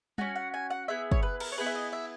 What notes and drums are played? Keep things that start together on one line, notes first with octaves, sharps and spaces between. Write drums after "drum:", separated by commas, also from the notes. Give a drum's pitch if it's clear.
C#4 F#4 G#5, drum: tom G3
F#5
G#5
F#5
B3 E4 G#4 E5
C#5, drum: kick
B4
A#4, drum: cymbal
C#5
B3 E4 G#4 B4
E5
D#5
E5